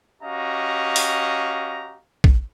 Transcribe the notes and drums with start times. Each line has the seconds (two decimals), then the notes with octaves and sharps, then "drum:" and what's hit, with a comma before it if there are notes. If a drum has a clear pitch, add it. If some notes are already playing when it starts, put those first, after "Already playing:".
0.22 C#4 F#4 G4 D#5 F5 A#5
0.96 drum: open hi-hat
2.24 drum: kick